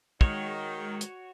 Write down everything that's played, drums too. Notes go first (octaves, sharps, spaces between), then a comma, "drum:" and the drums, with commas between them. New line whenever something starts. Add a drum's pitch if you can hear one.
D#3 G#3 F#4 C#5, drum: kick
drum: hi-hat